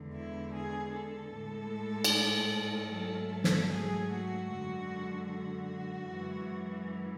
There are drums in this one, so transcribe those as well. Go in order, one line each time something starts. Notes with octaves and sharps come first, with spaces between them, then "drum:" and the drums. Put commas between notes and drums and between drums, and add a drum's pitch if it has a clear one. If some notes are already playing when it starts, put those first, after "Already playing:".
Already playing: E2 D3 G#3
E4
G#4
A4
A2 G#3
drum: cymbal
G#2 F#3 A3 A4
A4
drum: snare
G#4
F#4
F#2 D3 G#3 F#4
F#4
F#2 E3 G#3